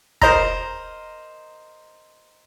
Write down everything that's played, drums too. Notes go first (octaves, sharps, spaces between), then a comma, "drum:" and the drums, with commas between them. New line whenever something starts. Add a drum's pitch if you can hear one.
A#4 C5 D#5 A#5, drum: kick